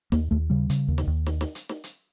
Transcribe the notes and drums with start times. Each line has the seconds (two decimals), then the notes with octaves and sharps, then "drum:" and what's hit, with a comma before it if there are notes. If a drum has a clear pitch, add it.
0.12 D#2 A#3, drum: snare
0.31 D#2 A3
0.50 C#3 G3
0.70 C#3, drum: hi-hat
0.88 D#2
0.98 drum: snare
1.07 D#2
1.26 drum: snare
1.41 drum: snare
1.55 drum: hi-hat
1.69 drum: snare
1.84 drum: hi-hat